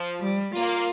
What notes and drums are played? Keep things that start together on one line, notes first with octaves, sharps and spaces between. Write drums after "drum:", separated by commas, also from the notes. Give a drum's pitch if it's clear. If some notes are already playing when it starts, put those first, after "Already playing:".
Already playing: F3
G3
A#3 F4, drum: open hi-hat